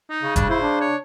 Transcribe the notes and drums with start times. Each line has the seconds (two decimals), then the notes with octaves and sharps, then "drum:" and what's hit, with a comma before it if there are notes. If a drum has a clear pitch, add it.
0.10 D#4
0.23 C#3
0.36 G3 D4, drum: kick F1, hi-hat
0.49 E4 C5
0.62 D4
0.81 C#5